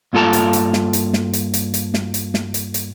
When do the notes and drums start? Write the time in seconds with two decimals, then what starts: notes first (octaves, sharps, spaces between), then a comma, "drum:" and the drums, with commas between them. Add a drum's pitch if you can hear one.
0.13 G2 A#3 F4 A4 A5 A#5
0.33 drum: hi-hat
0.53 drum: hi-hat
0.73 drum: snare
0.93 drum: hi-hat
1.13 drum: snare
1.33 drum: hi-hat
1.54 drum: hi-hat
1.74 drum: hi-hat
1.94 drum: snare
2.14 drum: hi-hat
2.34 drum: snare
2.54 drum: hi-hat
2.74 drum: hi-hat